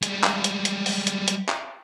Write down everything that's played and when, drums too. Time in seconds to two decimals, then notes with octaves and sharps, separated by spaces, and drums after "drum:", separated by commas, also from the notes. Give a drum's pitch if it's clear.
0.03 G3 G#3, drum: hi-hat
0.23 drum: clap
0.44 drum: hi-hat
0.65 drum: hi-hat
0.86 drum: open hi-hat
1.07 drum: hi-hat
1.28 drum: hi-hat
1.49 drum: clap